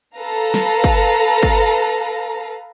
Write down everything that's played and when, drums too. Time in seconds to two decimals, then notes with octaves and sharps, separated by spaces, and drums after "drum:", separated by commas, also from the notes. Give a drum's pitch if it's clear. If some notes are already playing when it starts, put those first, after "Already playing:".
0.15 A4 B4 F5 A#5
0.54 drum: snare
0.84 drum: kick
1.43 drum: kick